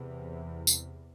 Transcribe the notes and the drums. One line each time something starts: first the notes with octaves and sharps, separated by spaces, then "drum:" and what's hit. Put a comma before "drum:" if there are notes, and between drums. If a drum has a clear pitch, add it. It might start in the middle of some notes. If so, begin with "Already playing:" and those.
Already playing: E2 C3 E3
drum: tambourine